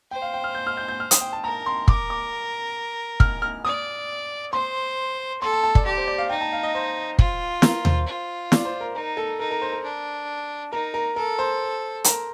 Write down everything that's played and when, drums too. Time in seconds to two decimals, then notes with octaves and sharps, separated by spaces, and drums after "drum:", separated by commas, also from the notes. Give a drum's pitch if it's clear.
0.11 C5 G5
0.22 F5
0.34 G5
0.44 F6
0.55 G6
0.67 F6
0.77 G6
0.88 G6
1.00 F6
1.11 D#6, drum: hi-hat
1.21 G5
1.33 A5
1.44 A#4 A#5
1.66 C6
1.88 A#4 D6, drum: kick
2.10 D6
3.20 F6, drum: kick
3.42 F6
3.65 D5 D#6
4.53 C5 C6
5.41 A4 C6
5.52 A5
5.64 A5
5.75 D5, drum: kick
5.85 G4 D5
5.97 C5
6.08 D5
6.18 F5
6.29 D#4 G5
6.41 A5
6.53 F5
6.63 D#5
6.75 C5
7.19 F4, drum: kick
7.62 A#4, drum: snare
7.85 C5, drum: tom D#2
8.07 F4
8.52 D5, drum: snare
8.65 C5
8.81 A#4
8.95 D#4 A#4
9.17 A4
9.39 D#4 A#4
9.51 A#4
9.62 C5
9.72 A#4
9.83 D4
10.73 D#4 A#4
10.94 A#4
11.16 A4 A#4
11.39 C5
12.04 A#4, drum: hi-hat